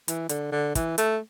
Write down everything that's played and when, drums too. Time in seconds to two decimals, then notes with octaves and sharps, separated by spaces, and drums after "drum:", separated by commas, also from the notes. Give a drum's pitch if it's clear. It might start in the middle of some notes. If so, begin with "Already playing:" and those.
0.08 E3, drum: hi-hat
0.29 D3, drum: hi-hat
0.52 D3
0.75 E3, drum: kick, hi-hat
0.98 A3, drum: hi-hat